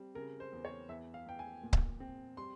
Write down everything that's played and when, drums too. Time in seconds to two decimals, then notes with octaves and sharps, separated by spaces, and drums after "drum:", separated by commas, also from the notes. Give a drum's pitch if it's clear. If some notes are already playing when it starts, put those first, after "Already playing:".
Already playing: G3 C4
0.15 C#3 A#4
0.40 C5
0.53 E2
0.65 C#5
0.89 E2 E5
1.14 F5
1.26 E2 G5
1.39 G#5
1.63 A#2
1.73 drum: kick C#1
2.00 C4
2.37 G3 C6